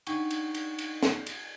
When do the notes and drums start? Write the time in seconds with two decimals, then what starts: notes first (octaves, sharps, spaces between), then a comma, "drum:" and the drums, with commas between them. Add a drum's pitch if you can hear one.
0.07 D4 D#4 F#5 G5 C#6 D#7, drum: cymbal
0.31 drum: cymbal
0.55 drum: cymbal
0.79 drum: cymbal
1.03 drum: snare
1.27 drum: cymbal